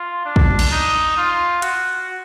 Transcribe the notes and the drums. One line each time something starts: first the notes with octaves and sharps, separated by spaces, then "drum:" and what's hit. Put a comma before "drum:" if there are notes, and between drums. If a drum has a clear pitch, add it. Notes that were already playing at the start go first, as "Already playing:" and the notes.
Already playing: F4
D4
drum: kick
drum: cymbal
D#4
F4
F#4, drum: hi-hat